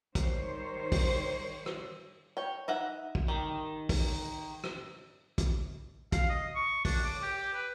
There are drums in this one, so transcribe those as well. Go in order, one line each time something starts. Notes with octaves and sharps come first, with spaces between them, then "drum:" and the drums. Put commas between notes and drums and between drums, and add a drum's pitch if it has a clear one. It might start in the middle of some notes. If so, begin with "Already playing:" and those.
D#3 G3 C5 C#5, drum: kick, hi-hat
drum: kick, open hi-hat
drum: rim click
C#5 G5
D#4 E5 F#5
drum: kick
D#3 G4
drum: kick, open hi-hat
drum: rim click
drum: kick, hi-hat
F5, drum: kick, hi-hat
D#5
C#6
D4, drum: kick, open hi-hat
D6
G4
B4